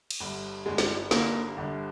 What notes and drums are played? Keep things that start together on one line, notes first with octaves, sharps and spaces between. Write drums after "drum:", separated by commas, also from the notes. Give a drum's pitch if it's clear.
drum: cymbal
G1 G2 D3
G1 G2 D3 G#3
drum: snare
G1 G2 D3 A#3, drum: snare
G1 G2 D3